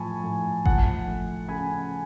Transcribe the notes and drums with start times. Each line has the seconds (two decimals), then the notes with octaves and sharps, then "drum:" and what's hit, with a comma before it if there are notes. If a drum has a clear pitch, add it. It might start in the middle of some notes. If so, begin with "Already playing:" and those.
Already playing: A2 F3 A3 G#5 A5 B5 C#6
0.24 A2
0.65 F3 F#5 A5, drum: kick G#1
1.07 A3
1.48 C#3 G#5 B5